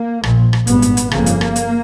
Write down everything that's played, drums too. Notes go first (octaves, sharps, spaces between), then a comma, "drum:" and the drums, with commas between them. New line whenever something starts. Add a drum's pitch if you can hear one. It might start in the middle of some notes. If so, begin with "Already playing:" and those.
Already playing: A#3
A#1 A#2, drum: rim click
drum: rim click
G#1 G2 B3, drum: hi-hat
drum: hi-hat
drum: hi-hat
G1 F2 C#3 A#3, drum: rim click
drum: hi-hat
drum: rim click
drum: hi-hat